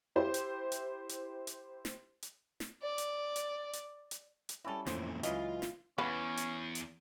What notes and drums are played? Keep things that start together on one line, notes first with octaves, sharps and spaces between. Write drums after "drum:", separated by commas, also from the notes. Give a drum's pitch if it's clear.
E4 G4 C5
drum: hi-hat
drum: hi-hat
drum: hi-hat
drum: hi-hat
drum: snare
drum: hi-hat
drum: snare
D5
drum: hi-hat
drum: hi-hat
drum: hi-hat
drum: hi-hat
drum: hi-hat
G3 C4 C#4 E4 A4
F2 A2 E3 A#3 C#4 C5, drum: snare
C#2 E3 F#3 C#4 F4 D#5, drum: hi-hat
drum: snare
E2 B3 C#4
drum: hi-hat
drum: hi-hat